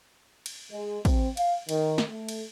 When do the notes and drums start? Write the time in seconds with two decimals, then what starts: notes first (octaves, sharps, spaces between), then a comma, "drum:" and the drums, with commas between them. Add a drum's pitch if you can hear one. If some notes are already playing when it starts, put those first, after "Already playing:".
0.46 drum: cymbal
0.71 G#3
1.05 C4, drum: kick, cymbal
1.37 F5, drum: cymbal
1.69 D#3, drum: cymbal
1.98 drum: snare
2.08 A3
2.29 drum: cymbal